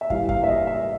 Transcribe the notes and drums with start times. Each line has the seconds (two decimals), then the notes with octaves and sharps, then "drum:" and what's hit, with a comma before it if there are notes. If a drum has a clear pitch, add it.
0.01 E5
0.10 A2 E3 G3 F5, drum: kick
0.29 F5, drum: kick
0.43 E5
0.48 D#5
0.67 E5